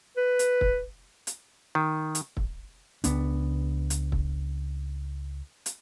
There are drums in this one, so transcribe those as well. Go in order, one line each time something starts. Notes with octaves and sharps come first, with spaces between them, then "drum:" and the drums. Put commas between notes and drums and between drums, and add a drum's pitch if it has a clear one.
B4
drum: hi-hat
drum: kick
drum: hi-hat
D#3
drum: hi-hat
drum: kick
C#2 B3 D4, drum: hi-hat
drum: hi-hat
drum: kick
drum: hi-hat